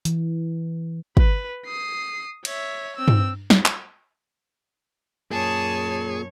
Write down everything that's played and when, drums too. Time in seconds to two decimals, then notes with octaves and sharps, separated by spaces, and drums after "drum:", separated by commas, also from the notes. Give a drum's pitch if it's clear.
0.05 E3, drum: hi-hat
1.17 B4, drum: kick
1.66 D#6 C7
2.45 C#5 E5, drum: cymbal
2.97 C4 E6
3.08 drum: tom G2
3.50 drum: snare
3.65 drum: clap
5.31 F#2 A#2 G#4 C#5 A5